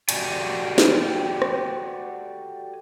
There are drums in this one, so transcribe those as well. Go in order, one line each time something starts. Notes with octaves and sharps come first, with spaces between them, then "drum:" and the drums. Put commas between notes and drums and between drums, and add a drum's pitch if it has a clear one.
F#4 G4 A4 D5 G#5, drum: cymbal
drum: snare
drum: rim click